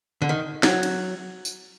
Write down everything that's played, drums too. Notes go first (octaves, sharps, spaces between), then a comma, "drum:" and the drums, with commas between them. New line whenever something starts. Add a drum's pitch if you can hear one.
D3
D#3
F#3, drum: snare
drum: cymbal
drum: tambourine